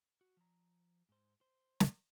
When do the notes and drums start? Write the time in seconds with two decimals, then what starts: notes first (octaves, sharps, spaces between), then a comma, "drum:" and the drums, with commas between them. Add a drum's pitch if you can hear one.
0.21 F#4
0.37 F3 A#5
1.09 G#2 C5
1.41 C5
1.80 drum: snare